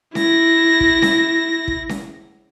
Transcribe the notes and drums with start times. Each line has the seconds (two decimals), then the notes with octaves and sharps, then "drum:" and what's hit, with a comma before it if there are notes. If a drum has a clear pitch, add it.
0.15 E4 A#6, drum: snare C#4
0.80 drum: kick
1.02 drum: snare C#4
1.68 drum: kick
1.89 drum: snare C#4